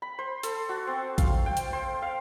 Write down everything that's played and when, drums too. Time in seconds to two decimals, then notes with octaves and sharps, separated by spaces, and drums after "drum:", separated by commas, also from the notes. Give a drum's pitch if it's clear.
0.02 B5
0.19 C5
0.43 A4, drum: hi-hat
0.69 F#4
0.87 C4
1.18 F5, drum: kick A#1, hi-hat
1.46 G5
1.57 drum: hi-hat
1.73 C5
2.02 F5